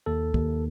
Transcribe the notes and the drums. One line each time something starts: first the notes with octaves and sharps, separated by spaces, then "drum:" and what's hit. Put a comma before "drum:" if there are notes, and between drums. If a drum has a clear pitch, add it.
D#2 A4
D#2, drum: kick